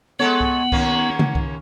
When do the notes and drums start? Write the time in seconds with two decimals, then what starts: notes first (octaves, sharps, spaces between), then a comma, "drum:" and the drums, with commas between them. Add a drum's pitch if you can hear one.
0.20 G#3 B3 A4 C#5 F#5
0.41 drum: kick C2
0.72 D#2 A#3 C#4, drum: kick C2
1.19 drum: tom C#3
1.35 drum: kick C2